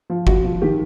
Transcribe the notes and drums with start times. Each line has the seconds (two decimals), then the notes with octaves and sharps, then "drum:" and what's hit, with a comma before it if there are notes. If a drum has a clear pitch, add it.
0.10 F3
0.27 F3 F#4, drum: kick
0.44 F3
0.62 D#3 G4